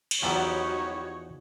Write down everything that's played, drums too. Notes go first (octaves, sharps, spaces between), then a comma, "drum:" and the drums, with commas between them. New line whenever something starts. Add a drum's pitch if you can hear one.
drum: cymbal
E2 F3 F#3 B3 D#4 F#4 G4 C#5